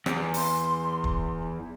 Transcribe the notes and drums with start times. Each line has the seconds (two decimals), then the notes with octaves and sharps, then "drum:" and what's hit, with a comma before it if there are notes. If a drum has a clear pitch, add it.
0.06 E2, drum: rim click
0.34 C6, drum: open hi-hat
1.04 drum: kick
1.40 E4